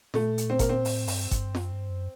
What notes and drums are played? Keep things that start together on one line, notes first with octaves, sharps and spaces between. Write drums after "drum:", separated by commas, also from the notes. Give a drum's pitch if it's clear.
A#2 A3, drum: snare
drum: hi-hat
C4
A#3, drum: kick G1, hi-hat
C4
A2, drum: open hi-hat
G2, drum: open hi-hat
G2, drum: kick G1, hi-hat
F#2, drum: snare
G2
F#2